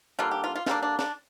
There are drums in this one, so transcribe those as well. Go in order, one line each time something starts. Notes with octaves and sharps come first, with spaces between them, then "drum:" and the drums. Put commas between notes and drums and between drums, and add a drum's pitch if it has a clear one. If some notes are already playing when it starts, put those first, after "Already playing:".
D3 G3 A#3 D4 F4
G4
F4
F4
D3 G3 A#3 D4 F4, drum: snare
D4
D4, drum: snare